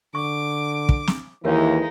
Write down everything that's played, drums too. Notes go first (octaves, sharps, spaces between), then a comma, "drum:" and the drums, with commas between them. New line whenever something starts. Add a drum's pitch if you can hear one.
D3 C#6 D6
drum: kick
drum: snare
D#2 E3 G#3 D#4 A#4 C#5 F5